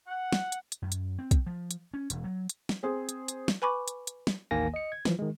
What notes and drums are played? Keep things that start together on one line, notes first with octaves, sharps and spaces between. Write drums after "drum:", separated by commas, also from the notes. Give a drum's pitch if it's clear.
F#5
drum: snare
drum: hi-hat
drum: hi-hat
F#2
drum: hi-hat
C4
drum: kick, hi-hat
F3
drum: hi-hat
C#4
E1, drum: hi-hat
F#3
drum: hi-hat
drum: snare
C4 G#4 C5
drum: hi-hat
drum: hi-hat
drum: snare
B4 G#5 B5 C#6 D6
drum: hi-hat
drum: hi-hat
drum: snare
A1 D#2 D#3 A#3 G#5 A#6
D#5 C#7
G#6
E3 F3, drum: snare
D#3 G#3